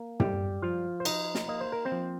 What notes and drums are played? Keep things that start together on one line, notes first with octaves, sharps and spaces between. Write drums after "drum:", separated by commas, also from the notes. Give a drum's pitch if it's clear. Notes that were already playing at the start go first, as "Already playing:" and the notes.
Already playing: A#3
G3 G4, drum: tom
F3 F4 F5
C5
D#4 D#5, drum: cymbal
drum: snare
A#3 D#5
C5
A#4
C4 C5
F3